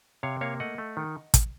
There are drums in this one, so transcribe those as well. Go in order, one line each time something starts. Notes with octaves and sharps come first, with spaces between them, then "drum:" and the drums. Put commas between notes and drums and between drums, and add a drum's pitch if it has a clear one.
C3 C#5 F5
A#3 C#5 F5
A3 D#5 F#5
A3
D#3
drum: kick, hi-hat